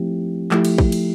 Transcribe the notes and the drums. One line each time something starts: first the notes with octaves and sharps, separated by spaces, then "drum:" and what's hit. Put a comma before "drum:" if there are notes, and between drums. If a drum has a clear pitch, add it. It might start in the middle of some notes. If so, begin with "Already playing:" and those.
Already playing: F3 A3 C4 E4 G4
F3 A3 E4 G4, drum: clap
drum: cymbal
drum: kick
drum: cymbal